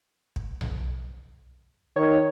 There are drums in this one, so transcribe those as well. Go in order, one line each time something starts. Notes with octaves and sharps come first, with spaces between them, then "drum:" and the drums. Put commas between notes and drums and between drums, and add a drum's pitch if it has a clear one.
drum: kick
drum: tom B1
D#3 C#5